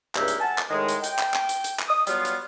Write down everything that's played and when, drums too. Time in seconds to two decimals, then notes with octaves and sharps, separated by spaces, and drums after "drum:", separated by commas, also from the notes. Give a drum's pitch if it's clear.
0.15 C#2 G2 A#3 D#4 E5, drum: clap
0.28 drum: hi-hat
0.40 F#5 G#5 A5
0.58 drum: clap
0.70 A2 D#3 G#3
0.88 drum: hi-hat
1.04 G5, drum: hi-hat
1.19 drum: clap
1.34 drum: clap
1.49 drum: hi-hat
1.64 drum: hi-hat
1.79 drum: clap
1.89 D#6
2.07 F#3 G3 B3 F4, drum: hi-hat
2.25 drum: hi-hat